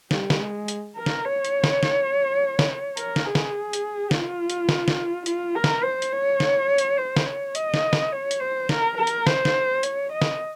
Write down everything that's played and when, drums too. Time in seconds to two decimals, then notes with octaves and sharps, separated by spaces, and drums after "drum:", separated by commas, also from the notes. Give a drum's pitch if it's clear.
0.11 G3, drum: snare
0.30 drum: snare
0.40 G#3
0.68 drum: hi-hat
0.97 A#4
1.06 drum: snare
1.25 C#5
1.45 drum: hi-hat
1.64 drum: snare
1.83 drum: snare
2.59 drum: snare
2.97 A#4, drum: hi-hat
3.16 drum: snare
3.26 G#4
3.35 drum: snare
3.73 drum: hi-hat
4.11 F4, drum: snare
4.50 drum: hi-hat
4.69 drum: snare
4.88 drum: snare
5.26 F4, drum: hi-hat
5.55 A#4
5.64 drum: snare
5.83 C5
6.02 drum: hi-hat
6.12 C#5
6.40 drum: snare
6.78 drum: hi-hat
6.98 C5
7.16 drum: snare
7.26 C#5
7.55 D#5, drum: hi-hat
7.74 drum: snare
7.93 drum: snare
8.12 C#5
8.31 drum: hi-hat
8.40 C5
8.69 A#4, drum: snare
8.97 A#4
9.07 drum: hi-hat
9.27 C5, drum: snare
9.45 drum: snare
9.83 C#5, drum: hi-hat
10.12 D#5
10.22 drum: snare